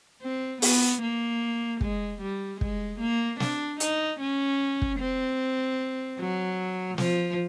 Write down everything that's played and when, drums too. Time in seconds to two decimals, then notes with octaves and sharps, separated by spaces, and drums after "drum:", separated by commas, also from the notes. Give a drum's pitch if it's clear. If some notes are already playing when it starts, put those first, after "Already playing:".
0.22 C4
0.62 B3, drum: open hi-hat
1.02 A#3
1.81 G#3, drum: kick
2.22 G3
2.61 G#3, drum: kick
3.00 A#3
3.40 D4, drum: snare
3.80 D#4, drum: hi-hat
4.20 C#4
4.82 drum: kick
4.99 C4
6.19 F#3
6.98 F3, drum: snare